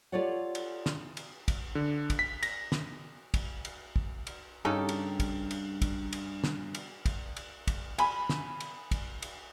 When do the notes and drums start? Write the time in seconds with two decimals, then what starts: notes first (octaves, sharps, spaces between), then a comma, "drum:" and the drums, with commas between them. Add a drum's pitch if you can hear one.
0.12 F4 G4 A4 C#5 D5 F#5
0.55 drum: cymbal
0.86 drum: snare
1.17 drum: cymbal
1.48 drum: kick, cymbal
1.75 D3
2.10 drum: kick, cymbal
2.19 B6
2.43 A#6, drum: cymbal
2.72 drum: snare
3.34 drum: kick, cymbal
3.65 drum: cymbal
3.96 drum: kick
4.27 drum: cymbal
4.65 G2 C#3 D#4 G4 A4 G5
4.89 drum: cymbal
5.20 drum: kick, cymbal
5.51 drum: cymbal
5.82 drum: kick, cymbal
6.13 drum: cymbal
6.44 drum: snare
6.75 drum: cymbal
7.06 drum: kick, cymbal
7.37 drum: cymbal
7.68 drum: kick, cymbal
7.98 G#5 B5, drum: cymbal
8.29 drum: snare
8.60 drum: cymbal
8.91 drum: kick, cymbal
9.22 drum: cymbal